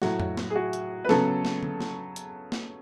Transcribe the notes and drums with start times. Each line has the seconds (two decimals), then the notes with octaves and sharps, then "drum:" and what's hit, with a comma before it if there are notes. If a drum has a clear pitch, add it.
0.02 A2 F#3 A3 F#4, drum: snare
0.20 drum: tom F2
0.37 drum: snare
0.50 G#4
0.56 F#4
0.73 drum: hi-hat
1.05 B4
1.09 C#3 F#3 B3 A4, drum: snare
1.45 drum: snare
1.63 drum: tom D3
1.80 drum: snare
2.16 drum: hi-hat
2.52 drum: snare